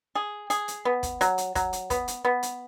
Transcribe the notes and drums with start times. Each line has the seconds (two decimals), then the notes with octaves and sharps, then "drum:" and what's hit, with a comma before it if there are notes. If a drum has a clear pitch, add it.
0.15 G#4
0.50 G#4, drum: hi-hat
0.68 drum: hi-hat
0.85 B3
1.03 drum: kick, hi-hat
1.21 F#3, drum: hi-hat
1.38 drum: hi-hat
1.55 F#3, drum: kick, hi-hat
1.73 drum: hi-hat
1.90 B3, drum: kick, hi-hat
2.08 drum: hi-hat
2.25 B3
2.43 drum: hi-hat